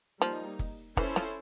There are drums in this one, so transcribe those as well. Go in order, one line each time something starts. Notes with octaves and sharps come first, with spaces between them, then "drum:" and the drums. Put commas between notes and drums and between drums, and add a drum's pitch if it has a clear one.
F3 G3 A#3 D#4
drum: kick F#1
E3 C#4 E4 A4 C5, drum: kick F#1
F3, drum: snare